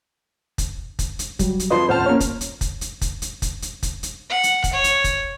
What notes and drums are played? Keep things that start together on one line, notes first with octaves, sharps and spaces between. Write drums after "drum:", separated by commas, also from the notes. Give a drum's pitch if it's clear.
drum: kick, hi-hat
drum: kick, hi-hat
drum: hi-hat
F#3 G3, drum: kick, hi-hat
drum: hi-hat
F2 F4 B4 D5 D#5 C6
D#2 A2 C5 F#5 A5 F6
A#3 C#4 C#5
drum: kick, hi-hat
drum: hi-hat
drum: kick, hi-hat
drum: hi-hat
drum: kick, hi-hat
drum: hi-hat
drum: kick, hi-hat
drum: hi-hat
drum: kick, hi-hat
drum: hi-hat
F#5
drum: hi-hat
drum: kick, hi-hat
C#5
drum: hi-hat
drum: kick, hi-hat